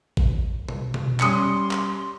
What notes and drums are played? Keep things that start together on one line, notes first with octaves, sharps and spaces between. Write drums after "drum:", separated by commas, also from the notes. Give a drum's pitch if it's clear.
drum: kick A1
drum: tom B2
drum: tom B2
G3 C#4 C6 D6 D#6 C#7, drum: clap
drum: clap